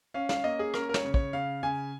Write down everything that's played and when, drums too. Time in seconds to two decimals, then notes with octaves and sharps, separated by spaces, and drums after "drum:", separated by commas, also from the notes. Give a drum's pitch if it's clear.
0.14 C#4 F5
0.29 F5, drum: snare
0.44 A#3 D#5
0.59 G#4
0.74 C#4 A#4, drum: rim click
0.89 A#4
0.94 C#5, drum: snare
1.05 C#3
1.14 C#5, drum: kick
1.33 C#3 F5
1.63 C#3 G#5